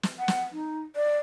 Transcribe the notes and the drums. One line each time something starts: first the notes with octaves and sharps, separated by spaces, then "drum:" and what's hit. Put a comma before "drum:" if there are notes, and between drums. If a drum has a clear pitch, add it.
drum: snare
F#5
drum: snare
D#4
D5